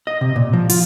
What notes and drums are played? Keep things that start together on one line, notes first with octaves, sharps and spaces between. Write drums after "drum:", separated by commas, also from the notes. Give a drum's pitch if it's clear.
D#5
C3
A#2
F3
F4, drum: open hi-hat